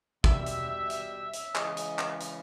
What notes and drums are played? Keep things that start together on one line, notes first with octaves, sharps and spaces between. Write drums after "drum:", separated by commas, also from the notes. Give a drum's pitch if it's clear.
B2 G3 E5, drum: kick
drum: hi-hat
drum: hi-hat
drum: hi-hat
C#3 E3 G#3 D#5, drum: clap
drum: hi-hat
drum: clap
drum: hi-hat